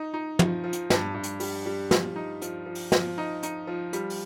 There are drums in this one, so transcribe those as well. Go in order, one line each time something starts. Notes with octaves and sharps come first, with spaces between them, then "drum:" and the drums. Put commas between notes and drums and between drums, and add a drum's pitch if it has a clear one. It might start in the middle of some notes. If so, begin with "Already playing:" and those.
Already playing: D#4
D#4
F3, drum: tom
F3
drum: hi-hat
G2, drum: snare
G2
drum: hi-hat
G3, drum: open hi-hat
G3
F3, drum: snare
D#4
F3, drum: hi-hat
F3
drum: open hi-hat
F3, drum: snare
D#4
D#4, drum: hi-hat
F3
G3, drum: hi-hat
drum: open hi-hat